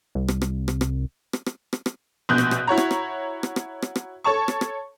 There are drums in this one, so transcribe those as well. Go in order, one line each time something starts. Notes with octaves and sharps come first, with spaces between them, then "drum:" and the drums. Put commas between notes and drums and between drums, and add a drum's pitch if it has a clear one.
C2
drum: rim click
drum: rim click
drum: rim click
drum: rim click
drum: rim click
drum: rim click
drum: rim click
drum: rim click
A#1 B2 F#6 G6
drum: rim click
drum: rim click
E4 F#4 C#5 A#5
drum: rim click
drum: rim click
drum: rim click
drum: rim click
drum: rim click
drum: rim click
A4 C#5 A5 C#6
drum: rim click
drum: rim click